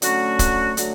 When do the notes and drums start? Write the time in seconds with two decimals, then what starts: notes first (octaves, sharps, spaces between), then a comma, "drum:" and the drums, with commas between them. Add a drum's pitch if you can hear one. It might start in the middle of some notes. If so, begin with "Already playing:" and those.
0.02 D3 F#3 A3 C#4 F#4, drum: hi-hat
0.39 drum: kick, hi-hat
0.77 D3 F#3 A3, drum: hi-hat